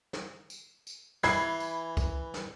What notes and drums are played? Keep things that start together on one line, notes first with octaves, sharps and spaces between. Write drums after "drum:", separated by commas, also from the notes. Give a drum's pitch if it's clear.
drum: snare
drum: tambourine
drum: tambourine
E3 B5 G#6 C7, drum: snare
drum: tambourine
drum: kick C2, tambourine
drum: snare